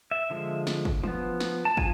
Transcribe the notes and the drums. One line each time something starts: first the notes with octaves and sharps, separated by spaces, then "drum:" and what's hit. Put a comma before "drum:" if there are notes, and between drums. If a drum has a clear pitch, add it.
E5
D3 F3 G#3
drum: snare
drum: kick
F3 B3, drum: tom E3
drum: snare
A5
F3 G#5, drum: kick